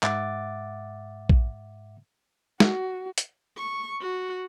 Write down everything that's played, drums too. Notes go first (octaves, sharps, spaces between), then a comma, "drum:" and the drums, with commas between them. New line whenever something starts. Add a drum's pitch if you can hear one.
G#2 E5 F#5 D6 A6, drum: clap
drum: kick A#1
F#4, drum: snare
drum: hi-hat
C#6
F#4